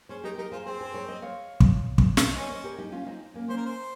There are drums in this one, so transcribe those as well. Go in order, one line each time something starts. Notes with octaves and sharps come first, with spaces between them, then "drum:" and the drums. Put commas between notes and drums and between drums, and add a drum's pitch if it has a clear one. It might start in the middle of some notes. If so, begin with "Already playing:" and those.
C#4 G#4 C5
D#4 G4 A#4
D#4 G4 A#4
F4 G#4 C5
C4 G#4 C5
G#4 C5
A#4 C#5
C5 D#5
C#5 F5
drum: kick
drum: kick
drum: snare
C#4 C5 D#5
C5 D#5
G4 A#4
D#4 G4
C#4 F4
C4 D#4
A#3 C#4
A#3 C#4 C5
A#4
C5